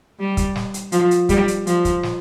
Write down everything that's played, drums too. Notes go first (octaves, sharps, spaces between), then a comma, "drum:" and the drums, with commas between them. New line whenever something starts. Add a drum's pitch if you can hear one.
G3
drum: kick, hi-hat
drum: snare
drum: hi-hat
F3, drum: hi-hat
drum: hi-hat
G3, drum: kick, hi-hat
drum: hi-hat
F3, drum: hi-hat
drum: kick, hi-hat
drum: snare